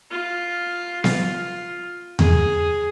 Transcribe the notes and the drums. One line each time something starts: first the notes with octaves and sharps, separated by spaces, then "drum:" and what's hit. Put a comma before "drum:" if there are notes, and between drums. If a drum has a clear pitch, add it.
F4
F4, drum: snare B3
G#4, drum: tom E2